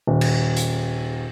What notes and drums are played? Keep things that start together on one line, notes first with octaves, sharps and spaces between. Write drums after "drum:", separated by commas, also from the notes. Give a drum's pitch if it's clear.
D#1
drum: cymbal
drum: hi-hat